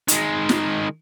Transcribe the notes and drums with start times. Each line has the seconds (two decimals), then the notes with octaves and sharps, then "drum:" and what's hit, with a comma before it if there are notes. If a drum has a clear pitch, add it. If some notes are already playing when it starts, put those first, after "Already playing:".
0.08 D#3 G#3, drum: hi-hat
0.49 drum: snare